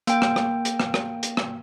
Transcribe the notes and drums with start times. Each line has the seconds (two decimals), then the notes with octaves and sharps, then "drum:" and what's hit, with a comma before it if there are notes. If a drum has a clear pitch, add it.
0.07 A#3 G5, drum: hi-hat
0.22 drum: rim click
0.36 drum: rim click
0.65 drum: hi-hat
0.80 drum: rim click
0.94 drum: rim click
1.23 drum: hi-hat
1.37 drum: rim click